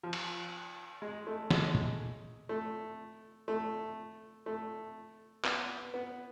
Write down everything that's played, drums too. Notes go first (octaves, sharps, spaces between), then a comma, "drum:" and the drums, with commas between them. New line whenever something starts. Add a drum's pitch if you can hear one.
F3
drum: cymbal
G#3
A3
G#3, drum: snare
drum: tom
A3
A3
A3
B3, drum: clap
B3